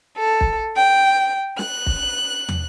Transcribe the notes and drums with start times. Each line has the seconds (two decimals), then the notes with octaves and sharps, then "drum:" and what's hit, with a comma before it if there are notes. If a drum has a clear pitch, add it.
0.17 A4
0.41 drum: kick
0.76 G5
1.59 F#6, drum: snare
1.86 drum: kick
2.49 drum: tom